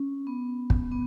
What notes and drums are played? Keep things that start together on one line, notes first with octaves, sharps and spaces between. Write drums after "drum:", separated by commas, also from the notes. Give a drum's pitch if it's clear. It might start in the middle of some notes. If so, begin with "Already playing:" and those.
Already playing: C#4
B3
drum: kick
B3